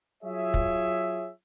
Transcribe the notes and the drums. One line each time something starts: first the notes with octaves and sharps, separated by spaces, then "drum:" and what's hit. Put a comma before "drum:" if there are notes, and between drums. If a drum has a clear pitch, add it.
F#3 F4 G#4 C#5 E5
drum: kick